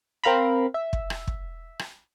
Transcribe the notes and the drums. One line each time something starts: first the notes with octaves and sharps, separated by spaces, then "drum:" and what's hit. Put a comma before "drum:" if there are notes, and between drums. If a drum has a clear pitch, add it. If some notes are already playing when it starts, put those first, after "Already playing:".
C4 A#4 F5 A#5 B5
E5
drum: kick
drum: rim click
drum: kick
drum: rim click